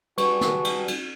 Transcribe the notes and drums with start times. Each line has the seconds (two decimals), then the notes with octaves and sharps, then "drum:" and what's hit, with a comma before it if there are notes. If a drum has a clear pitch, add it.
0.18 G3 D4 F#4 G#4 B4 C#6, drum: cymbal
0.41 drum: snare
0.64 drum: cymbal
0.88 drum: cymbal